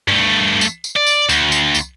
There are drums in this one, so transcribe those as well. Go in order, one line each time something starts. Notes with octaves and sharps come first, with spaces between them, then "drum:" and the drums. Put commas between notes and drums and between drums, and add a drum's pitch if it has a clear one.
G2 A3
drum: tambourine
drum: tambourine
D5
drum: tambourine
D2, drum: tambourine
drum: tambourine
drum: tambourine